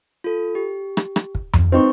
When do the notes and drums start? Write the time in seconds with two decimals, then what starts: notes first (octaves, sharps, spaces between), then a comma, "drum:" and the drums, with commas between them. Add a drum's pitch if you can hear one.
0.24 F4 A4
0.55 G4
0.97 drum: rim click
1.16 drum: rim click
1.35 drum: kick
1.53 drum: tom F2
1.72 C4 D#4 B4 D#5 C#6